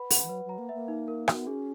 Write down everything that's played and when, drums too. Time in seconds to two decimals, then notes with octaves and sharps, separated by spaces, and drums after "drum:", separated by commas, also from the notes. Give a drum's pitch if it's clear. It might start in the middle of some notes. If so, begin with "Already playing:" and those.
Already playing: B4 F#5 B5
0.10 F#5, drum: open hi-hat
0.23 E3
0.29 F#3 B4
0.45 F#3 A#5
0.58 A#3
0.69 A#3 E5
0.88 D#4
1.08 A#4
1.28 F#4, drum: rim click
1.35 B3
1.47 C#4 G#4